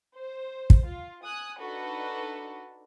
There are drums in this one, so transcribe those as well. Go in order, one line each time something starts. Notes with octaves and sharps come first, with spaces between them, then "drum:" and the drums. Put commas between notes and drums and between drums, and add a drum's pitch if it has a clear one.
C5
drum: kick
F4
G#5 D#6 F#6
D4 D#4 F#4 A4 B4